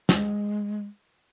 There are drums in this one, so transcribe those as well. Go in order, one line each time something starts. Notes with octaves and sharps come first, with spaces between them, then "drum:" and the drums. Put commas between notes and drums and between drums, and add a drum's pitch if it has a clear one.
G#3, drum: snare